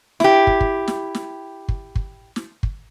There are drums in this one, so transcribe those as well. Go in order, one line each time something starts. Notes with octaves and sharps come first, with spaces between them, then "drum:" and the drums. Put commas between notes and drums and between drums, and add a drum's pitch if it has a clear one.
E4 G4, drum: snare
drum: kick
drum: kick
drum: snare
drum: snare
drum: kick
drum: kick
drum: snare
drum: kick